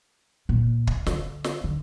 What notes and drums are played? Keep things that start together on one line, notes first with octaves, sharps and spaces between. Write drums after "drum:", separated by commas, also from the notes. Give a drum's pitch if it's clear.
A#2
drum: kick
D3, drum: snare
drum: snare
D3